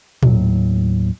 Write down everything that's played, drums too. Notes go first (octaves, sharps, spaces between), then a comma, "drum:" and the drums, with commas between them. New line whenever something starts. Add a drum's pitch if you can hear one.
D#2 A2 F#3, drum: tom A#2